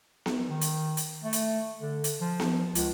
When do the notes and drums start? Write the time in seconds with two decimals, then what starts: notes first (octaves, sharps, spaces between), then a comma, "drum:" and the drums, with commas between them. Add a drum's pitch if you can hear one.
0.26 drum: snare B3
0.49 D#3
0.61 drum: hi-hat
0.97 drum: hi-hat
1.23 A3
1.33 drum: hi-hat
1.81 D3
2.04 drum: hi-hat
2.21 F3
2.40 drum: snare B3
2.75 C#2, drum: hi-hat